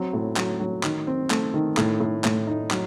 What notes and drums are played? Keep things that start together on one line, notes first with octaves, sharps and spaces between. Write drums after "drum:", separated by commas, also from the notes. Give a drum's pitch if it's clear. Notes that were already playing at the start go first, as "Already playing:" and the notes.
Already playing: F#3 C4
A2
F#3, drum: clap
F#3
D#3, drum: clap
C4
A3, drum: clap
D#3
A2, drum: clap
A2
A2, drum: clap
D#4
F#3, drum: clap